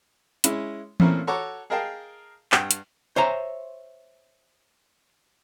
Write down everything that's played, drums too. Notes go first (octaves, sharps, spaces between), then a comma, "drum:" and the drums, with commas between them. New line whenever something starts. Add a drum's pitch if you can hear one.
G#3 C#4 E4, drum: hi-hat
A#2 A3 A#3 C4 C#4 E4, drum: tom E3
F#4 A4 C#5 A#5 D6
G#4 A#4 D#5 F5 G5 A5
G2 F#5 G5 E6, drum: clap
drum: hi-hat
C5 C#5 E5 A#5